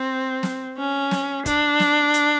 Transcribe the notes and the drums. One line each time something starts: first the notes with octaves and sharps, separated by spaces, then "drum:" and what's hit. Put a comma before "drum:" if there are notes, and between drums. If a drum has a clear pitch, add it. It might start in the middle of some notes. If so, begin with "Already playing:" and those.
Already playing: C4
drum: snare
C#4
drum: snare
D4, drum: kick, hi-hat
drum: snare
drum: hi-hat